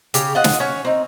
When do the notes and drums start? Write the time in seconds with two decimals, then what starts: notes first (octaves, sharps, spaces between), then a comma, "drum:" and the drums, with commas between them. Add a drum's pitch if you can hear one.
0.14 C#3 G4, drum: hi-hat
0.35 F4 D#5 F#5
0.44 drum: snare
0.60 C#4 C#5
0.85 C4 D#4